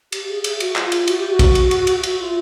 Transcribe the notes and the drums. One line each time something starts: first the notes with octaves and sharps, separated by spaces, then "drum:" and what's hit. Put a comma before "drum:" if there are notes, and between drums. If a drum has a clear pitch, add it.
G4, drum: cymbal
G#4
G#4, drum: cymbal
F#4, drum: cymbal
F4, drum: clap
drum: cymbal
F#4, drum: cymbal
G4
F#4
drum: kick, cymbal
drum: cymbal
drum: cymbal
drum: cymbal
F#4, drum: cymbal
F4